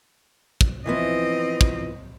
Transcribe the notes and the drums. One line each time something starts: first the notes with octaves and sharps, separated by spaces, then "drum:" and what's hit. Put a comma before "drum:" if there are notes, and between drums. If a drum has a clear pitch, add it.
drum: kick
E3 F3 B3 C4 D#5
drum: kick